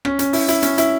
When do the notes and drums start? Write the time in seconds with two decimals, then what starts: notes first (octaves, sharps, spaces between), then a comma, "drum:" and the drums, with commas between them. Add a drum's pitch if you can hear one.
0.05 C#4, drum: rim click
0.19 C#4, drum: hi-hat
0.33 E4, drum: open hi-hat
0.48 E4, drum: hi-hat
0.62 C#4, drum: hi-hat
0.78 E4, drum: hi-hat